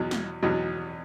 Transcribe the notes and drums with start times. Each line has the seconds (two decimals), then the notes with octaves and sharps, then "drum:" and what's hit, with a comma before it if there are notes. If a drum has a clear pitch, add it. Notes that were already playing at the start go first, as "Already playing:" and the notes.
Already playing: E2 B2 F#3
0.11 drum: snare
0.43 E2 B2 F#3